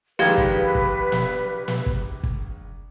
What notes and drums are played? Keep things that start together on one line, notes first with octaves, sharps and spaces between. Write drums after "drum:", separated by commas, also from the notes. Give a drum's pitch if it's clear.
A#1 D#3 G#3 G4 B4 F5 G#6
drum: kick
drum: kick
drum: snare
drum: snare
drum: kick
drum: kick